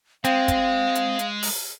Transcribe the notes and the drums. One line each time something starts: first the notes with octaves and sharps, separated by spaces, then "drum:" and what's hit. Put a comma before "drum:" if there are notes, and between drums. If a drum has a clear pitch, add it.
G#3 C4 F5, drum: hi-hat
drum: kick, hi-hat
drum: hi-hat
drum: hi-hat
drum: open hi-hat